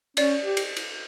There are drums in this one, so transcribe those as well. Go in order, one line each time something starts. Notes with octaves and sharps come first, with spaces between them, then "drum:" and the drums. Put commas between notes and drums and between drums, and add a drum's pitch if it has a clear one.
C#4 D5, drum: cymbal
G4
drum: cymbal
drum: cymbal